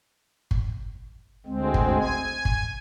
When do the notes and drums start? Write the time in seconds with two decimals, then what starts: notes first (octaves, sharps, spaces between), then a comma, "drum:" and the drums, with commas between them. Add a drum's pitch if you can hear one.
0.51 drum: kick G1
1.46 D2 G#3 C4
1.74 drum: kick G1
1.97 G#5
2.45 drum: kick G1